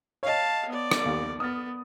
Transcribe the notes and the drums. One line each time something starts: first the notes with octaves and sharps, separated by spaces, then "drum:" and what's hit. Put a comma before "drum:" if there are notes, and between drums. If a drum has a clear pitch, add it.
C#5 D#5 F5 A5
B3 D5
drum: rim click
D#2
B3 D#6 F6 A6